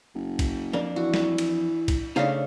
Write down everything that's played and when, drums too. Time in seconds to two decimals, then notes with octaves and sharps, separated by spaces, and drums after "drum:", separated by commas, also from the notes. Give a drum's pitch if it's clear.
0.14 F#1
0.39 drum: kick, cymbal
0.73 F2 A#3 D4
0.96 E3 F#4
1.14 drum: snare
1.38 drum: cymbal
1.88 drum: kick, cymbal
2.16 C#3 A3 D4 D#4 C5 F5